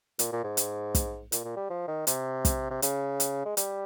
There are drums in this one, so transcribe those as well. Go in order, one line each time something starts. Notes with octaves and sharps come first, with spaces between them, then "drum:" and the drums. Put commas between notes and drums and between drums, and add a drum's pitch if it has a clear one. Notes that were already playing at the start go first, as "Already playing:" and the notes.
A#2, drum: hi-hat
A#2
G#2
drum: hi-hat
drum: kick, hi-hat
A#2, drum: hi-hat
A#2
G3
F3
D#3
C3, drum: hi-hat
drum: kick, hi-hat
C3
C#3, drum: hi-hat
drum: hi-hat
G#3
G3, drum: hi-hat